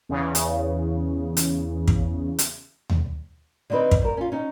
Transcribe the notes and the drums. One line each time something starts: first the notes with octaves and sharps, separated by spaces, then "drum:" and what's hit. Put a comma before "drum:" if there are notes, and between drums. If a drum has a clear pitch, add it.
E2 C#3
drum: hi-hat
drum: hi-hat
drum: kick
drum: hi-hat
drum: tom D#2
D3 B3 C4 D#4 B4
drum: kick
G2 A#4
C#4 F4
C#4 D#4